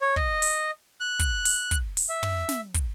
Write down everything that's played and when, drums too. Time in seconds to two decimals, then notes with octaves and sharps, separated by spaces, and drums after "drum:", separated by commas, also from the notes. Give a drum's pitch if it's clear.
0.01 C#5
0.16 D#5, drum: kick
0.42 drum: open hi-hat
1.00 F#6
1.19 drum: kick, hi-hat
1.45 drum: open hi-hat
1.71 drum: kick, hi-hat
1.97 drum: open hi-hat
2.09 E5
2.23 drum: tom
2.49 drum: snare
2.74 drum: kick, hi-hat